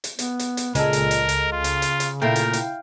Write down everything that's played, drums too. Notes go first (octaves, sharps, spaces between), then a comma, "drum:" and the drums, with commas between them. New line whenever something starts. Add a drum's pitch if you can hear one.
drum: hi-hat
B3, drum: hi-hat
drum: hi-hat
drum: hi-hat
C#2 A#2 G#3 A4 A#4, drum: hi-hat
drum: hi-hat
drum: hi-hat
drum: hi-hat
C#3 F4
drum: hi-hat
drum: hi-hat
drum: hi-hat
A#2 A3 E4 A#4 F5 G5
drum: hi-hat
drum: hi-hat